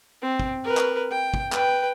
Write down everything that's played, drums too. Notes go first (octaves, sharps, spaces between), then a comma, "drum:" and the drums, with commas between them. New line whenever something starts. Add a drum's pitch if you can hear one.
C4
drum: kick
A#4 B4
drum: clap
G5
drum: kick
B4 G5, drum: clap